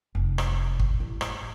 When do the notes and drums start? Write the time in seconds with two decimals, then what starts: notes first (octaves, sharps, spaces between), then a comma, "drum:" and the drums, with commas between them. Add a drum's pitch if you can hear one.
0.15 F1
0.38 drum: rim click
0.79 drum: kick G1
1.00 A1
1.21 drum: rim click